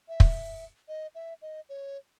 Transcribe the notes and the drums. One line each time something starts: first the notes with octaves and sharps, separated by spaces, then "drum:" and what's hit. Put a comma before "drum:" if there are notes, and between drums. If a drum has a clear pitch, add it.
E5
drum: kick
D#5
E5
D#5
C#5